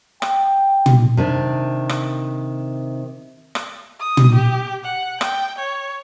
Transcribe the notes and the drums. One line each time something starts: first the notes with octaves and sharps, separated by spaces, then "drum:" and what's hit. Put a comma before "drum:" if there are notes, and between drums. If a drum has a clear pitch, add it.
G5, drum: rim click
drum: tom
C3 D#3 D4
drum: rim click
drum: rim click
D#6
drum: tom
G4
F#5
G5, drum: rim click
C#5